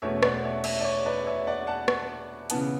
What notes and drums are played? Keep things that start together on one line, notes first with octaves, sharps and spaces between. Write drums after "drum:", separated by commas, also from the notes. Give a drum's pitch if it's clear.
E2 B2 A3 C#4 C#5 E5
D5 F#5, drum: rim click
C#5 E5
C#5 E5, drum: cymbal
D5
C#5
B4 D5
C#5 E5
D5 F#5
F#5 A5
drum: rim click
C#3 E3 B3 F#5 A5, drum: hi-hat